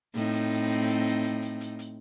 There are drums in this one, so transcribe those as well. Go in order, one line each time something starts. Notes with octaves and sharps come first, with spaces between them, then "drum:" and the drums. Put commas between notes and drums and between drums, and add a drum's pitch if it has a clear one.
A2 C4 D#4, drum: hi-hat
drum: hi-hat
drum: hi-hat
drum: hi-hat
drum: hi-hat
drum: hi-hat
drum: hi-hat
drum: hi-hat
drum: hi-hat
drum: hi-hat